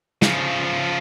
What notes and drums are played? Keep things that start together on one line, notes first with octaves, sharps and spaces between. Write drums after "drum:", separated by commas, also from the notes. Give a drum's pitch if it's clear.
C#3 F3, drum: snare